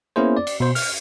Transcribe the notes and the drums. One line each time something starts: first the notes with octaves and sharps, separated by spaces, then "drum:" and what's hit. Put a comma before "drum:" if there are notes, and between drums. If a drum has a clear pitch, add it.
A#3 B3 C#4 E4 G#4 C5
D5
drum: cymbal
B2 C5
F6, drum: open hi-hat